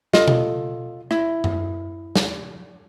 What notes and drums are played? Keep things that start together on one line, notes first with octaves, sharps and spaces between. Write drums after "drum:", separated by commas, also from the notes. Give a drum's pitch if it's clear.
F4 A4 D#5, drum: snare
drum: tom B2
E4, drum: rim click
drum: tom F#2
drum: snare